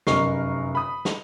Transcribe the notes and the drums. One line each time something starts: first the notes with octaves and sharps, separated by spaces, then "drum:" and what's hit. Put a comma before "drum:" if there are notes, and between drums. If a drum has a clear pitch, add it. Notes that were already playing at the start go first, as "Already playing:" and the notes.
F1 F#2 A#4 D#5 C#6 C7, drum: snare
B5 D#6
drum: snare